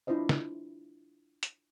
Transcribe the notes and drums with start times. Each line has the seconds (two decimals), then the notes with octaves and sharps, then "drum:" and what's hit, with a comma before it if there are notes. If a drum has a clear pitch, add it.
0.07 D4 E4 F4 C5 D#5
0.29 drum: snare
1.43 drum: hi-hat